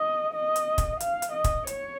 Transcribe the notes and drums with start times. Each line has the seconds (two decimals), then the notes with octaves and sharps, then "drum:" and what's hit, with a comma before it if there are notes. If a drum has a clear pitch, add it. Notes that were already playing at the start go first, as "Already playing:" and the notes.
Already playing: D#5
0.34 D#5
0.56 drum: hi-hat
0.78 drum: kick, hi-hat
1.00 F5, drum: hi-hat
1.22 drum: hi-hat
1.33 D#5
1.44 drum: kick, hi-hat
1.67 C#5, drum: hi-hat